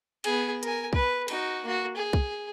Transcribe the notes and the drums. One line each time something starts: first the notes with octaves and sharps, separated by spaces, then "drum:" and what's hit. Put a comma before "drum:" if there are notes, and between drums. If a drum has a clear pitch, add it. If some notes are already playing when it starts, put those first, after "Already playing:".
B3 G#4, drum: cymbal
A#4 G#5, drum: hi-hat
B4, drum: kick
D#4 F#4, drum: cymbal
A#3 F#4
G#4
drum: kick